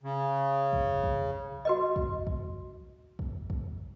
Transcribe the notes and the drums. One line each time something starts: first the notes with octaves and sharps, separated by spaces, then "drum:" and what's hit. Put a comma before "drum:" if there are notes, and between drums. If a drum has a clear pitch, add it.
C#3
drum: kick
drum: kick
F#4 B4 D#5
drum: kick
drum: kick
drum: kick
drum: kick